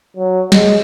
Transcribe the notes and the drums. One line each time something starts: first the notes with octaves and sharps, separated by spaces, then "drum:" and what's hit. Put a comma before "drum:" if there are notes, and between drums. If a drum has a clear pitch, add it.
F#3
G#3, drum: snare